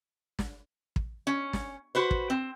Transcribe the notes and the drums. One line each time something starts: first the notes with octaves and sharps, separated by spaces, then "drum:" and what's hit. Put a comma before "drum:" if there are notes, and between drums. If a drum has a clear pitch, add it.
drum: snare
drum: kick
C#4
drum: snare
F#4 B4 C5
drum: kick
C4